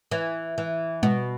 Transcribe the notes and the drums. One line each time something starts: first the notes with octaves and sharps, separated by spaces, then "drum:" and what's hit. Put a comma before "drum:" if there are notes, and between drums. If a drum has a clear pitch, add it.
E3
E3
B2, drum: tom G3